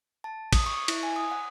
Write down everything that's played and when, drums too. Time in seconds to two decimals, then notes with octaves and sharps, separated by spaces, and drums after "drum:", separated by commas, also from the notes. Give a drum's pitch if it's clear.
0.24 A5
0.53 D#6, drum: kick, cymbal
0.66 C#6
0.88 E4, drum: cymbal
1.03 G#5
1.16 D#6
1.31 F#5